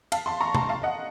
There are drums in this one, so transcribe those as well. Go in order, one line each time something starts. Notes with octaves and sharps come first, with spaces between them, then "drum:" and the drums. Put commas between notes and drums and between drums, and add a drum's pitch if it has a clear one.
F5 A5, drum: cymbal
A5 C6
A#5 C#6
A5 C6, drum: tom C3
F5 A5
D#5 F#5